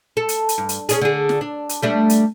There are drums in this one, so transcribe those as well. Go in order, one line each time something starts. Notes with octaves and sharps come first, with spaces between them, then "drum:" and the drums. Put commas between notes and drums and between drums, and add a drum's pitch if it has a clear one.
A4
drum: hi-hat
drum: hi-hat
G2
drum: hi-hat
C#4 D4 G#4, drum: hi-hat
D3 G#4
drum: snare
D4
drum: hi-hat
G3 A3 D4
drum: hi-hat